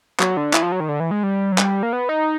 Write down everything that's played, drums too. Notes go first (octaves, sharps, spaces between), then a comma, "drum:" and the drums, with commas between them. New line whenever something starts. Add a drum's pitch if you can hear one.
F#3, drum: clap
D3
E3, drum: clap
F3
F#3
D#3
D3
E3
G#3
G3
F#3
G3, drum: clap
A#3
B3
D#4